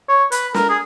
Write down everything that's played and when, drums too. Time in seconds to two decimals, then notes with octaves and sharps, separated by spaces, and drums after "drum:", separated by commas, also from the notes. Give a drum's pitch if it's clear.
0.09 C#5
0.32 B4, drum: hi-hat
0.54 A#4, drum: snare
0.69 G#4